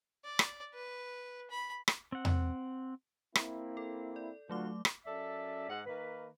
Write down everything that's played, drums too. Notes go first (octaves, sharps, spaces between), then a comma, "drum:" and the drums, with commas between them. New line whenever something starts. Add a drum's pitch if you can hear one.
D5
drum: rim click
B4
B5
drum: rim click
C4 F#5
drum: tom E2
A#3 C4 E4, drum: rim click
A4
D5
D3 F#3 A3 F4 F#4 D6
drum: rim click
F#2 A4 D5 E5
G#2 F#5
D#3 A#3 B4